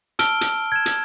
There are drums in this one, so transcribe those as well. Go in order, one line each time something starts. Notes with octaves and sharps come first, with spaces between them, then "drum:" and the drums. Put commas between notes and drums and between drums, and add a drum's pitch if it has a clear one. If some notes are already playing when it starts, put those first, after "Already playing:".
A5 E6 F6 D7 G7, drum: hi-hat
drum: hi-hat
G#6 E7
drum: hi-hat